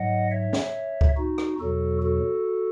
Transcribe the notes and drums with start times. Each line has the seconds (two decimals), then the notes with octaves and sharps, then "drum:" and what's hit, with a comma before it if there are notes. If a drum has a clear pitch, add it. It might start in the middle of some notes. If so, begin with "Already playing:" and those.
Already playing: G#2 F#3 D#5 F#5
0.31 C#5 E5
0.53 drum: snare
1.01 drum: kick C#2
1.17 D#4 F#4
1.38 drum: rim click
1.60 E2 B2 F#3 F#4 A4
2.02 F#4 A4